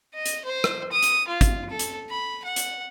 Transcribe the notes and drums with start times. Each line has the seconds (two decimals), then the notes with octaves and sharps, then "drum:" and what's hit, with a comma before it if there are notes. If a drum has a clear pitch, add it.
0.14 D#5
0.26 drum: hi-hat
0.45 C5
0.64 drum: rim click
0.92 D#6
1.02 drum: hi-hat
1.28 F4
1.41 drum: kick, hi-hat
1.70 A4
1.79 drum: hi-hat
2.09 B5
2.45 F#5
2.56 drum: hi-hat